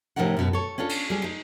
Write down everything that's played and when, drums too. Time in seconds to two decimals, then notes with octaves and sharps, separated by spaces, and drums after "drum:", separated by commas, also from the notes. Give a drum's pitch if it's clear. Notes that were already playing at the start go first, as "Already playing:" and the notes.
0.16 A2 C3 F3 D#4 A#4 F#5
0.37 F#2 B2
0.53 A4 C#5
0.78 C#4 D4 F4 A4
0.89 drum: cymbal
1.10 G3 G#4
1.24 D#4